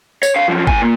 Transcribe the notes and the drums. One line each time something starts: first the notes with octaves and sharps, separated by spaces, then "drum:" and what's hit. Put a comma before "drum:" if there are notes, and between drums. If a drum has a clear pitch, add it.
C#5, drum: tambourine
D3 F5
F#2 F3
A2 G#5, drum: kick G1
A#2 A#3